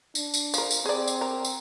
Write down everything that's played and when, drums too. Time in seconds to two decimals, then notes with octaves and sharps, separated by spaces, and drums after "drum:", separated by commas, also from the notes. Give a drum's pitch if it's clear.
0.15 D4, drum: tambourine
0.34 drum: tambourine
0.54 F3 A#4, drum: tambourine
0.71 drum: tambourine
0.86 C4 G#4 D5
1.08 drum: tambourine
1.21 A#4
1.45 drum: tambourine